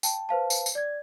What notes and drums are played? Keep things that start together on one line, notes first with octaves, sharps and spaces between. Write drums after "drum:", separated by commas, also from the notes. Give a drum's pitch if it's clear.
G5 A5, drum: tambourine
B4 C5 F5 A5
drum: tambourine
drum: tambourine
D5 G#6